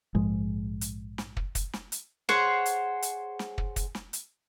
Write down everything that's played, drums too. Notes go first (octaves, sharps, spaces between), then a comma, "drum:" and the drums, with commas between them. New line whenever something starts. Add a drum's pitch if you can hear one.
A#1 G#2 F3 G#3
drum: hi-hat
drum: snare
drum: kick
drum: kick, hi-hat
drum: snare
drum: hi-hat
G#4 C5 C#5 F#5, drum: snare
drum: hi-hat
drum: hi-hat
drum: snare
drum: kick
drum: kick, hi-hat
drum: snare
drum: hi-hat